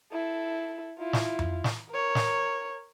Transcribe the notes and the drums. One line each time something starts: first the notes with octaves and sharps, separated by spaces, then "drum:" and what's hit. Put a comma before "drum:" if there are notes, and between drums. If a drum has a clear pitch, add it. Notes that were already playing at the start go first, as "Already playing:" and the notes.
E4 A4
E4 F4
drum: snare
drum: tom F2
drum: snare
A#4 C#5
drum: snare